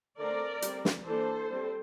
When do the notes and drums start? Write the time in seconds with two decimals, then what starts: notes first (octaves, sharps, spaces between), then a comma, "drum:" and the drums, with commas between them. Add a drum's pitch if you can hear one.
0.18 D3 A3 C4 A#4 D5
0.62 G3 C4, drum: hi-hat
0.85 drum: snare
1.05 E3 A#3 D4 A4 C5
1.49 G3 C4